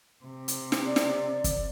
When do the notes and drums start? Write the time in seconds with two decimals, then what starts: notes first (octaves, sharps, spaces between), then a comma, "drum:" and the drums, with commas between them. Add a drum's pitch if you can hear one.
0.24 C3
0.48 drum: hi-hat
0.72 drum: snare
0.86 D5
0.96 drum: snare
1.44 drum: kick, hi-hat